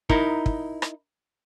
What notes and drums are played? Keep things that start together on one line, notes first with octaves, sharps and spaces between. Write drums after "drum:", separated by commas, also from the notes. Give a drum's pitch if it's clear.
D#4 E4 A#4, drum: kick
drum: kick
drum: rim click